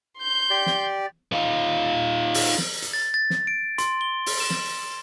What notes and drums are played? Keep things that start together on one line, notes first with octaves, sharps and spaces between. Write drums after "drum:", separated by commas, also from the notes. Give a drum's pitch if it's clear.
C6 G6
G4 D5
drum: snare
D#4 F4
drum: open hi-hat
drum: snare
drum: hi-hat
A6
A6
drum: snare
D7
C6, drum: hi-hat
G7
drum: open hi-hat
E7
drum: snare